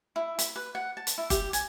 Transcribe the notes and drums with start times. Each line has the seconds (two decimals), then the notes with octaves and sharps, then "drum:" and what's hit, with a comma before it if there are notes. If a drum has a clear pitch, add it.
0.16 E4
0.39 B5, drum: hi-hat
0.56 B4
0.75 F#5
0.97 A5
1.07 drum: hi-hat
1.18 E4
1.30 G4, drum: kick F1, hi-hat
1.53 G#5, drum: hi-hat